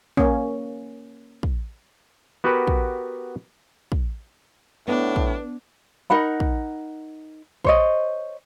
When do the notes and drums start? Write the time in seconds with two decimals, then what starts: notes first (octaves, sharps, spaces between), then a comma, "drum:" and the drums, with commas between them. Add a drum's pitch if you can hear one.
0.17 A#3 C#4, drum: kick
1.43 drum: kick
2.44 B3 F#4 G4 A#4 B4
2.67 drum: kick
3.92 drum: kick
4.88 A2 B3 D4
5.16 drum: kick
6.10 D#4 A#4 F#5 B5
6.40 drum: kick
7.65 C5 C#5 D#5, drum: kick